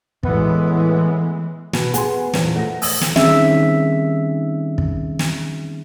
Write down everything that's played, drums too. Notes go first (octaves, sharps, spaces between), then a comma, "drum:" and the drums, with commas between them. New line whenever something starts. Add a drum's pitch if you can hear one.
A2 E3 G#3 B3, drum: kick
B2, drum: snare
B3 G#4 G#5 C6, drum: hi-hat
E2 A#2 F3, drum: snare
A3 F#5 A#6
D#6 E6, drum: open hi-hat
drum: snare
D#3 G3 C4 C#4 G#4 E5, drum: snare
drum: kick
drum: snare